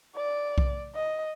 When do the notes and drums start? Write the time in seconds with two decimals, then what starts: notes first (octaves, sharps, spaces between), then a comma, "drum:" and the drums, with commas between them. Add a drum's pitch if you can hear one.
0.16 D5
0.58 drum: kick B1
0.95 D#5